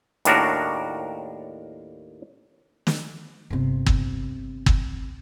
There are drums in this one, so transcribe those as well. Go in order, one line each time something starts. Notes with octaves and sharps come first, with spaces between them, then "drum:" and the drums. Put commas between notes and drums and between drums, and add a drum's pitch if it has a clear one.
D#2 A2 D4 F#4 A#4, drum: hi-hat
drum: snare
G1 C3
drum: kick
drum: kick